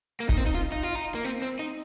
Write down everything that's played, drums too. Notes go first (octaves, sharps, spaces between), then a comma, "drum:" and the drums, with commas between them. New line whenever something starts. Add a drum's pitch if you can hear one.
A#3
D#4, drum: kick
C4
D#4
F4
D#4
F4
D#4
A#3
C4
C4
D#4